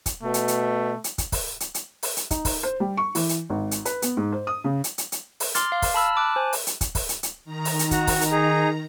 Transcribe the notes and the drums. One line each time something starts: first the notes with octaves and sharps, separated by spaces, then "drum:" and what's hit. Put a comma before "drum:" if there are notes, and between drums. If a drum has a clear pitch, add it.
drum: kick, hi-hat
B2 A3
drum: hi-hat
drum: hi-hat
drum: hi-hat
drum: kick, hi-hat
drum: kick, open hi-hat
drum: hi-hat
drum: hi-hat
drum: open hi-hat
drum: hi-hat
D#4, drum: kick, hi-hat
drum: kick, open hi-hat
C5
G3
C#6
E3, drum: open hi-hat
drum: hi-hat
G#1
drum: hi-hat
B4, drum: hi-hat
B3, drum: hi-hat
G#2
C5
D#6
C#3
drum: hi-hat
drum: hi-hat
drum: hi-hat
drum: open hi-hat
C6 D6 F6 A6, drum: hi-hat
F5
drum: kick, open hi-hat
A5 B5 E6 F6
A5 D6 F#6
C5 G#5
drum: open hi-hat
drum: hi-hat
drum: kick, hi-hat
drum: kick, open hi-hat
drum: hi-hat
drum: hi-hat
D#3 A#5
drum: open hi-hat
drum: hi-hat
F#4, drum: kick, hi-hat
drum: kick, open hi-hat
drum: hi-hat
D#4 G#4